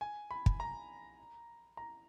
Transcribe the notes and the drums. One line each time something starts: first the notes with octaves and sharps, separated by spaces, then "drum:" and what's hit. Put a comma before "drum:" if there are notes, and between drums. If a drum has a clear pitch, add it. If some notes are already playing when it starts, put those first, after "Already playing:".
G#5
B5
drum: kick
A#5
A#5